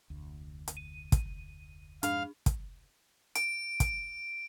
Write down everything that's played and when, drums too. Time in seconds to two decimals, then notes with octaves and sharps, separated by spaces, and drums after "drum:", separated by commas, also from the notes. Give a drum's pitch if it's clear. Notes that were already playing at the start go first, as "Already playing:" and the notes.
0.10 F1 D2
0.68 drum: hi-hat
0.77 D#7
1.12 drum: kick, hi-hat
2.03 F2 G#2 D4 F5 F6, drum: hi-hat
2.46 drum: kick, hi-hat
3.35 D7, drum: hi-hat
3.80 drum: kick, hi-hat